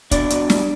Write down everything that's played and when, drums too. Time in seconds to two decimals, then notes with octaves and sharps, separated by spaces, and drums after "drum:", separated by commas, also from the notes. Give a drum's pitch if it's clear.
0.11 B2 D4 D5, drum: kick, hi-hat
0.30 B2, drum: hi-hat
0.50 G3, drum: snare